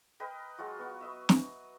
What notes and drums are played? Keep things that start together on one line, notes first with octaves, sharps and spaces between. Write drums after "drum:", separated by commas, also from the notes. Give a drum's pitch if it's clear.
A#4 B4 D#5 G5
F#3 G#3 F4 F#4
B3 F#4 C#6
B4 D#5 E5
drum: snare